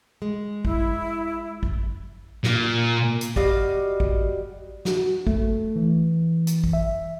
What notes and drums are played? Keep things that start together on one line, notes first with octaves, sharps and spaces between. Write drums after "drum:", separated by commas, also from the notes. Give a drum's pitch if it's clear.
G#3
E4, drum: kick A1
drum: kick A1
A#2, drum: snare
drum: hi-hat
G3 F#4 D#5 F5, drum: kick A1
drum: kick A1
F#4, drum: snare
A3, drum: kick A1
E3
drum: hi-hat
drum: kick A1
E5